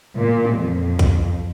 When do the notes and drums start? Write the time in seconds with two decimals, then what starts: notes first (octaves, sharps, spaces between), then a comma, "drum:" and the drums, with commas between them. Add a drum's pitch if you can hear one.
0.18 A#2
0.45 drum: tom G3
0.58 F2
0.99 drum: kick, hi-hat